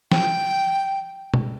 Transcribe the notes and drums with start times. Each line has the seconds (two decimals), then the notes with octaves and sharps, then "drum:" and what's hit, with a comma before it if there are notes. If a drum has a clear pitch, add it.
0.12 G5, drum: snare
1.34 drum: tom B2